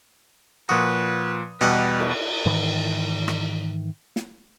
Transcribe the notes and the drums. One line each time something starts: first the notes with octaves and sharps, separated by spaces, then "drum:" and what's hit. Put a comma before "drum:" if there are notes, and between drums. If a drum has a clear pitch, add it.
A#2 F3 F#4 B4 D#6
E2 B2 G3 B4 D#5 F#5
drum: cymbal
G#2 D#3 E3
drum: rim click
drum: snare